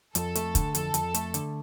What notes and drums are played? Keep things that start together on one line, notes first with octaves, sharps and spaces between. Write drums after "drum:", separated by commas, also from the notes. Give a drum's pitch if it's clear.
F2 A4, drum: hi-hat
A3, drum: hi-hat
D3, drum: kick, hi-hat
F2 A4, drum: hi-hat
F2, drum: hi-hat
A3, drum: hi-hat
D3, drum: hi-hat